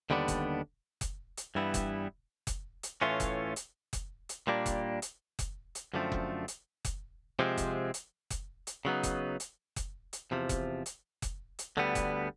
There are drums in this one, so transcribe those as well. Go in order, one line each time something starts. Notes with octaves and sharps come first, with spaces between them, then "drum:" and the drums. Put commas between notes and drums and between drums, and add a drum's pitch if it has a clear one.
D#2 D3 G3 B3 D4
drum: kick F1, hi-hat
drum: kick F1, hi-hat
drum: hi-hat
G2 E3 G3 B3 E4
drum: kick F1, hi-hat
drum: kick F1, hi-hat
drum: hi-hat
A2 E3 A3 C#4 F4
drum: kick F1, hi-hat
drum: hi-hat
drum: kick F1, hi-hat
drum: hi-hat
A#2 G3 A#3 D4
drum: kick F1, hi-hat
drum: hi-hat
drum: kick F1, hi-hat
drum: hi-hat
F#2 D3 F3 A3 C4
drum: kick F1
drum: hi-hat
drum: kick F1, hi-hat
C3 F3 G#3 C4
drum: kick F1, hi-hat
drum: hi-hat
drum: kick F1, hi-hat
drum: hi-hat
C#3 F#3 B3 D#4
drum: kick F1, hi-hat
drum: hi-hat
drum: kick F1, hi-hat
drum: hi-hat
E2 C3 F3
drum: kick F1, hi-hat
drum: hi-hat
drum: kick F1, hi-hat
drum: hi-hat
D2 D3 G3 B3
drum: kick F1, hi-hat